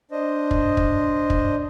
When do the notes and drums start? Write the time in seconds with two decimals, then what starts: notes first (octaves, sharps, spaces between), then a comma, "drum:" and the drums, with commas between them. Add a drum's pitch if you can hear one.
0.11 D4 C5 D#5
0.51 drum: kick
0.77 drum: kick
1.30 drum: kick